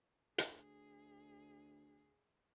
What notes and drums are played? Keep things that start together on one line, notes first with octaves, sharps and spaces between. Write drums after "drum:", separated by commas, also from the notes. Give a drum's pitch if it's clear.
D2 G#4, drum: hi-hat